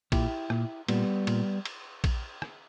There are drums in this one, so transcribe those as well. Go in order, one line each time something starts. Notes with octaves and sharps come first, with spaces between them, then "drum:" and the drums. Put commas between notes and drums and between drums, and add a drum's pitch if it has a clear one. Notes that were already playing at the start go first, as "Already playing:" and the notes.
A#2 E4 G4, drum: kick A#1, cymbal
A#2, drum: rim click
A#2 G3 B3, drum: cymbal
A#2, drum: cymbal
drum: cymbal
drum: kick A#1, cymbal
drum: rim click